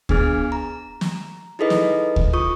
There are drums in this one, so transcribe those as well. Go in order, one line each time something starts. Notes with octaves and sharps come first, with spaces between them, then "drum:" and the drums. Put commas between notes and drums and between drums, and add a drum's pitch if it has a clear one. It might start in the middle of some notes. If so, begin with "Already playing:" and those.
B3 D4 G#4 F6, drum: kick D2
A#5
drum: snare
D#4 E4 G#4 A4 B4 D#5
drum: snare
drum: kick D2
F4 C#6 D#6